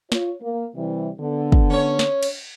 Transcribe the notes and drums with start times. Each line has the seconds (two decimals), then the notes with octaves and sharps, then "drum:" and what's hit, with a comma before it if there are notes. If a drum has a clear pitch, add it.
0.12 F4 C#5, drum: snare
0.42 A#3
0.76 C3 E3 G3
1.20 D3 B3
1.52 drum: kick
1.70 C#4 C#5
1.99 drum: snare
2.23 drum: cymbal